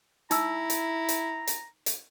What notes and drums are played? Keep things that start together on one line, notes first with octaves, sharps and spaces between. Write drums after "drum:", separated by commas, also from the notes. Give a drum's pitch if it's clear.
D#4 E4 A#5 E6, drum: hi-hat
drum: hi-hat
drum: hi-hat
drum: hi-hat
drum: hi-hat